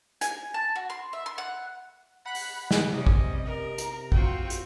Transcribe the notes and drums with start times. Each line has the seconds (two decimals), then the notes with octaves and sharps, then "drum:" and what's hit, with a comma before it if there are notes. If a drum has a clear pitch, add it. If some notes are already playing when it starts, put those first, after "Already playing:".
0.21 G#5, drum: hi-hat
0.54 A5
0.76 F#4
0.90 C6
1.13 E5
1.26 C6
1.38 F#5
2.26 F#5 B5 F#6
2.35 drum: open hi-hat
2.71 drum: snare
2.93 C3 G3 C#4 D#5
3.07 drum: kick A1
3.45 A#4
3.78 A#5, drum: hi-hat
4.12 C4 F4 F#4 G5, drum: kick A1
4.50 drum: hi-hat